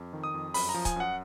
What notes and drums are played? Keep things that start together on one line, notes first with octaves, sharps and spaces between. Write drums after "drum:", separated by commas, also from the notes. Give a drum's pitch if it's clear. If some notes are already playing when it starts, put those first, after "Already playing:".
Already playing: F2
D#3
D#6
F2
F#2 B5, drum: open hi-hat
A#5
F3
G#5, drum: kick C#1, hi-hat
F#2 F#5